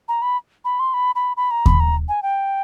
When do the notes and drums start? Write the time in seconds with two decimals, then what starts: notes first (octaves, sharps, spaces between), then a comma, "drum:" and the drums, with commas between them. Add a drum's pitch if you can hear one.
0.09 A#5
0.22 B5
0.65 B5
0.80 C6
0.94 B5
1.15 B5
1.37 B5
1.51 A#5
1.66 B5, drum: kick D#2
1.80 A#5
2.09 G#5
2.23 G5